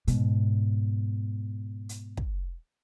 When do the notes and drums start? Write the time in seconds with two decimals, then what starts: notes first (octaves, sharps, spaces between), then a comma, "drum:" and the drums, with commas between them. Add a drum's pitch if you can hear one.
0.07 G#2 B2, drum: hi-hat
1.89 drum: hi-hat
2.17 drum: kick